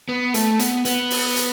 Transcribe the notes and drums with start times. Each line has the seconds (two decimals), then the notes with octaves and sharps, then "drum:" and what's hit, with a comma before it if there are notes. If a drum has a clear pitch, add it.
0.09 B3
0.34 A3, drum: hi-hat
0.59 B3, drum: hi-hat
0.85 B3, drum: hi-hat
1.10 drum: open hi-hat
1.36 drum: hi-hat